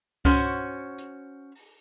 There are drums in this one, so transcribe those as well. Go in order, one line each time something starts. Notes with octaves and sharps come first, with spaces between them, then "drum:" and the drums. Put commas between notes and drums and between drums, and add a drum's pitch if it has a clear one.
C#4 F#4 C5, drum: kick C#2
drum: hi-hat
drum: open hi-hat